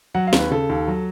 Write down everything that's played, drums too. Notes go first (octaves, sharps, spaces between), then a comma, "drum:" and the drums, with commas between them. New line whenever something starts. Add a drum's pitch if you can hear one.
F#3 F#5
F5
D#2, drum: snare
B4
C#3 A4
D#2
F#3